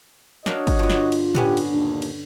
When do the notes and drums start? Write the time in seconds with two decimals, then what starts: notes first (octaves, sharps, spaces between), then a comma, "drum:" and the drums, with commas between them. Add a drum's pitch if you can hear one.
0.46 D4 F#4 A#4 C#5 D#5 F5, drum: snare
0.67 drum: kick, cymbal
0.79 G2 D3 F4
0.90 drum: snare
1.12 drum: cymbal
1.35 D3 B3 C#4 G4, drum: tom A2
1.57 drum: cymbal
1.72 D#2 A#2 D4
2.02 drum: cymbal